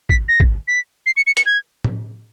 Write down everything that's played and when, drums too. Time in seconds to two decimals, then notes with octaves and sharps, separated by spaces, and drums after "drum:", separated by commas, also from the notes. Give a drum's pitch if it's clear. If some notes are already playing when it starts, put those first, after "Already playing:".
0.09 B6, drum: kick
0.28 A#6
0.40 drum: kick
0.68 B6
1.06 C7
1.17 C#7
1.27 C#7
1.37 C#7, drum: hi-hat
1.46 G#6
1.84 drum: tom A2